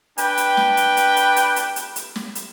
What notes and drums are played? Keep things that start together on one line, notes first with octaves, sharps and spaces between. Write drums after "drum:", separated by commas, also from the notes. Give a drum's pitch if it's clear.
D4 B4 G5, drum: hi-hat
drum: hi-hat
drum: snare
drum: hi-hat
drum: hi-hat
drum: hi-hat
drum: hi-hat
drum: hi-hat
drum: hi-hat
drum: hi-hat
drum: snare
drum: hi-hat